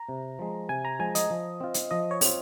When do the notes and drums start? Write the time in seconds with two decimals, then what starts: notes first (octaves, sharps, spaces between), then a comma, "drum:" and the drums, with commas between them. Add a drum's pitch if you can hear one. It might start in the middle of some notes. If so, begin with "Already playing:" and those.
Already playing: A#5
0.09 C3
0.39 F3 G#3
0.69 C3 G#5
0.85 A#5
0.99 F3 G#3 G#5
1.15 D#5, drum: hi-hat
1.30 F3
1.60 C4 F4
1.74 drum: hi-hat
1.91 F3 D#5
2.11 C#5
2.21 C4 F4, drum: open hi-hat